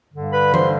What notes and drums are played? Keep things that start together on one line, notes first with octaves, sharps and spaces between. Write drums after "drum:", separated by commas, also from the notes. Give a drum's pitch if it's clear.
G2 D3 G3
B4 B5
C5 C6, drum: tom E3